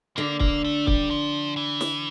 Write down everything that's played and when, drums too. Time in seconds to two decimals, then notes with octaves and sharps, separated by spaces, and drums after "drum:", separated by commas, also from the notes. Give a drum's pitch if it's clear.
0.17 D3 A#3
0.40 A#3, drum: kick
0.64 A3
0.87 G3, drum: kick
1.11 F3
1.57 E3
1.81 drum: snare